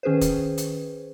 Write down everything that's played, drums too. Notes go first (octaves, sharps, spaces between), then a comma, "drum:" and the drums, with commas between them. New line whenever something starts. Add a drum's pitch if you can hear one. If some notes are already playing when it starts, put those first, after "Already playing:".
D#3 C#4 G#4 B4 C5
drum: kick, hi-hat
drum: hi-hat